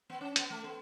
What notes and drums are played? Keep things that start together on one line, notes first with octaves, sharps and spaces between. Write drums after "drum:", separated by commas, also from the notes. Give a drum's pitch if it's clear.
B3
C#4
B3, drum: hi-hat
A3
B3